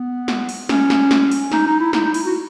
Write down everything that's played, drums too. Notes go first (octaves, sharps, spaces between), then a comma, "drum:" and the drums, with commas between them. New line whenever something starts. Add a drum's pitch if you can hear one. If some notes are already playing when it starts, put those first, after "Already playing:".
Already playing: B3
drum: snare
drum: open hi-hat
C#4, drum: snare
drum: snare
drum: snare
drum: open hi-hat
D#4, drum: snare
D#4
E4
D#4, drum: snare
D#4
E4, drum: open hi-hat
F#4